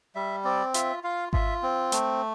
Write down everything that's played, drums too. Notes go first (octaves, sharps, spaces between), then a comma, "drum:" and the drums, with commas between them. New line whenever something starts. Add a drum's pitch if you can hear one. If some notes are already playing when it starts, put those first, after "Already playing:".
G3 E5
C4 D5
F4 E5, drum: hi-hat
F4 F5
F4 E5, drum: kick G#1
C4
A3, drum: hi-hat